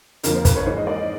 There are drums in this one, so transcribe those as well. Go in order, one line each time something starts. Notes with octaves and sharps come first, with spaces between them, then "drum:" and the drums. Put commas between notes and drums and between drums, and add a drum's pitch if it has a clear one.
F2 D3 F3 A#3 A#4, drum: hi-hat
C5
B4, drum: kick, hi-hat
C#5
G#2 E3 G#3 C5
D#5
D5